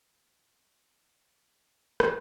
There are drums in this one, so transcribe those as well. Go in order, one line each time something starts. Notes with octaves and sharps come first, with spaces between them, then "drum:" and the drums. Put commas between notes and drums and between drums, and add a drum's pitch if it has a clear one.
D#2 E3 B3 C4
D#4 D6
drum: rim click